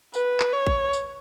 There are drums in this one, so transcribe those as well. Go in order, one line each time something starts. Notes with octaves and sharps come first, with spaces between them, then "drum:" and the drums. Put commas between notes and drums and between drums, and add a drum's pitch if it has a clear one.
B4, drum: tambourine
drum: clap
C#5
drum: kick
drum: tambourine